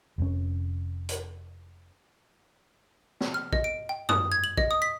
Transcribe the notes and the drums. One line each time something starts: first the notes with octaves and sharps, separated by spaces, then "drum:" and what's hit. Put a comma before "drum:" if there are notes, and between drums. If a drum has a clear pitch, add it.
F1 F2 F3 C#4
drum: hi-hat
drum: snare
F6
D#5, drum: kick
D7
G5
D#6, drum: tom F#2
G#6
F#7
D#5, drum: kick
D#6
B6